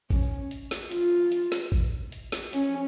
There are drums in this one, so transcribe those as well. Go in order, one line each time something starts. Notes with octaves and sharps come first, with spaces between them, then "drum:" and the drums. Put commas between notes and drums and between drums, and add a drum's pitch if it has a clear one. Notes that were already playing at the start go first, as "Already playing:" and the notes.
C#4, drum: kick, open hi-hat
drum: hi-hat
drum: snare
F4, drum: hi-hat
drum: hi-hat
drum: snare
drum: kick, open hi-hat
drum: hi-hat
drum: snare
C#4, drum: hi-hat